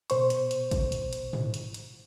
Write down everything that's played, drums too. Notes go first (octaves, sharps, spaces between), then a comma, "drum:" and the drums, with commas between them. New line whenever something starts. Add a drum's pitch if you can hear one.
B2 C5 C#6, drum: hi-hat
drum: hi-hat
drum: hi-hat
drum: kick, hi-hat
drum: hi-hat
drum: hi-hat
drum: tom
drum: hi-hat
drum: hi-hat